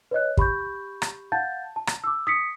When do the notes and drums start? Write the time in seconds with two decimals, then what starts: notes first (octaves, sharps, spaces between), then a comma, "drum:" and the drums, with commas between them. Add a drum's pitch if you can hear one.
0.11 B4 C#5 D#5 F#6
0.37 G4 B5 C#6 G6, drum: kick
1.02 drum: rim click
1.32 F5 F#5 A5 G6 A6
1.76 A5
1.87 drum: rim click
2.04 D6 E6
2.27 D#6 B6 C#7